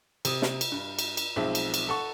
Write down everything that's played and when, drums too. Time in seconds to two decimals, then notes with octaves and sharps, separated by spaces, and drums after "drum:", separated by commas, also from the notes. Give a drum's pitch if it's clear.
0.25 C3 D#6, drum: cymbal
0.42 drum: snare
0.61 drum: cymbal
0.72 G2
0.99 drum: cymbal
1.17 drum: cymbal
1.36 B1 F3 G#3 C4 E5
1.55 drum: cymbal
1.74 drum: cymbal
1.89 A4 F#5 C#6